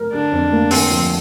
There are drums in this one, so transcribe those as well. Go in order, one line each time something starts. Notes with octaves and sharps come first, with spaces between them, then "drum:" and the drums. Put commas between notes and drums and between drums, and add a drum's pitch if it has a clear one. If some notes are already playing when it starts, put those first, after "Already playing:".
Already playing: A#4
D3 D4
F2
A#3
D3 C4, drum: open hi-hat
F3